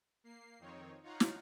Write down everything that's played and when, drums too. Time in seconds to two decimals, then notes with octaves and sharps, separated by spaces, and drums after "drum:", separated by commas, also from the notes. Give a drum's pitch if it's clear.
0.24 A#3 C7
0.59 F2 D#3 C4 D#4 C#5
1.03 D#4 F4 C#5 F5 F#5 A#5
1.20 drum: snare